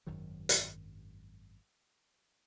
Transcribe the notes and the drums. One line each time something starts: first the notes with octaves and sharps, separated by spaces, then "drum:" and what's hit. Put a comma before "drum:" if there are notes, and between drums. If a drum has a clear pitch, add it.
G#1 F#2 D#3 F#3
drum: hi-hat